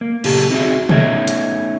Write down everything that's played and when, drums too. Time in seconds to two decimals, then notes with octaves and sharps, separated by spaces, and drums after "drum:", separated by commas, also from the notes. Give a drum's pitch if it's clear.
0.01 A#3
0.24 A#2 C#3 A#3 G4 A4, drum: cymbal
0.50 C4 D#4 F#4 G#4 D#5 E5
0.89 A3 B3 C#4 D#4 C#5 E5, drum: tom
1.27 drum: hi-hat